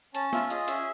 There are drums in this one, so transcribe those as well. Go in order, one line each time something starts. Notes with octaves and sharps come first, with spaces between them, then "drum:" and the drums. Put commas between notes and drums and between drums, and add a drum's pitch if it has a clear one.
C#4 A5, drum: hi-hat
F4 E5, drum: snare
G#4 D#5, drum: hi-hat
C#4 E5, drum: hi-hat